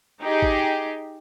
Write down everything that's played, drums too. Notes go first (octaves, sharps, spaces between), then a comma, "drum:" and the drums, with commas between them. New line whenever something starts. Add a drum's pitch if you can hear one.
D#4 G4 G#4
drum: kick